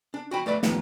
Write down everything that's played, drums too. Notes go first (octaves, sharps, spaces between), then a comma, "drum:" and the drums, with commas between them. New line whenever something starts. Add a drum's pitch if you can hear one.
D4
F#4 G5 B5
A3 B4 D5 B5
D#2 A2 F3 B3, drum: snare